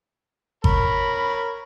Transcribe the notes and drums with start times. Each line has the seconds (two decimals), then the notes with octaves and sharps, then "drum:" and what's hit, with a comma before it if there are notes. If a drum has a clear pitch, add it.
0.64 A#4 C#5 B5, drum: kick G#1